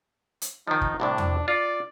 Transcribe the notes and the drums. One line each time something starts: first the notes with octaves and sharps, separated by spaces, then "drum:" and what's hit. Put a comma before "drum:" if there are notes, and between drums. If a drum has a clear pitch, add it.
drum: hi-hat
D#3 F3 D#4
drum: kick
C2 A2 C3 D4
drum: tom E2
F4 D5